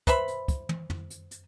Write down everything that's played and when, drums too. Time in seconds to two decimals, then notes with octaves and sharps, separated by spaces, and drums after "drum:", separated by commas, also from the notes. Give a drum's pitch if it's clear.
0.07 B4 C5 E5 B5, drum: kick, hi-hat
0.28 drum: hi-hat
0.48 drum: kick, hi-hat
0.69 drum: tom
0.90 drum: tom
1.10 drum: hi-hat
1.31 drum: hi-hat